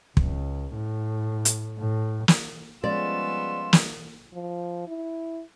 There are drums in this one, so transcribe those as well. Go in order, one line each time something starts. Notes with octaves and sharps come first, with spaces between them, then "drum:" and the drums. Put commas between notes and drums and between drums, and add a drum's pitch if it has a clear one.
C#2, drum: kick
A2
drum: hi-hat
A2
drum: snare
F3 G3 G#3 B3 C#4 F4 D5 E6
drum: snare
F3
E4